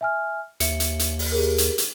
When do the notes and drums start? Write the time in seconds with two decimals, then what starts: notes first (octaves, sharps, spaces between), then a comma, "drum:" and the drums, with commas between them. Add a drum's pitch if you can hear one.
0.01 E5 G#5 F6
0.60 D#2 E5 C#7, drum: hi-hat
0.80 drum: hi-hat
0.99 drum: hi-hat
1.19 drum: open hi-hat
1.32 G4 G#4 A#4
1.58 drum: hi-hat
1.78 drum: hi-hat